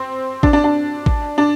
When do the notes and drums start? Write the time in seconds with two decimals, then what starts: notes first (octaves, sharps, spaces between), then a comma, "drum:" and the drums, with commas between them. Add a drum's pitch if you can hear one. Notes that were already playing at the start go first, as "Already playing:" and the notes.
Already playing: C4
0.43 D4, drum: kick
0.53 D4
0.64 D4
1.06 drum: kick
1.38 D4